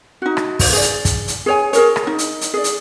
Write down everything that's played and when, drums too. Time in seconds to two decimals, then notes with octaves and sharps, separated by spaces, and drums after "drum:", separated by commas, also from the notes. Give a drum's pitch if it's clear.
0.22 D#4 F#4
0.37 drum: rim click
0.59 drum: kick, open hi-hat
0.73 G#4 D5
0.82 drum: hi-hat
1.05 drum: kick, hi-hat
1.28 drum: hi-hat
1.46 G#4 C#5 G#5
1.73 G#4 A#4 C#5, drum: hi-hat
1.96 drum: rim click
2.07 D#4
2.18 drum: hi-hat
2.41 drum: hi-hat
2.54 G#4 D5
2.64 drum: hi-hat